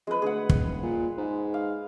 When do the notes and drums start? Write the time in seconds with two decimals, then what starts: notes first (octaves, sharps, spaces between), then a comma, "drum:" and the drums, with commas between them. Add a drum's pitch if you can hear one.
0.07 F2 G#3 B4
0.22 D2 G#4 F#5
0.49 D#1, drum: kick
0.82 A#2
1.17 G#2
1.54 F5